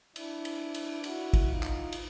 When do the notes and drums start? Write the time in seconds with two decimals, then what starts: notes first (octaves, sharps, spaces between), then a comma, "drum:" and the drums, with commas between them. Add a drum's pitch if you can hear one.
0.16 D4 E4, drum: cymbal
0.45 drum: cymbal
0.74 drum: cymbal
1.04 E4 F#4, drum: cymbal
1.33 drum: kick, cymbal
1.48 D#4 F4
1.63 drum: clap
1.92 drum: cymbal